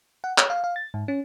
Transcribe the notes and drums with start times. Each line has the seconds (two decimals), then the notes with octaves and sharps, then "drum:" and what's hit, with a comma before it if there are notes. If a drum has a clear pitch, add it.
0.24 F#5
0.38 C#5, drum: clap
0.50 F5
0.64 F5
0.76 A6
0.94 G#2
1.08 C#4